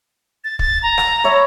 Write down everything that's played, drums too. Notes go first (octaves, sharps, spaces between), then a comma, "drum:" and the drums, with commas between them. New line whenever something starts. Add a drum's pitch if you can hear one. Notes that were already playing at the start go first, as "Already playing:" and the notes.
A6
A6, drum: kick
A#5
drum: rim click
C#5 E5 B5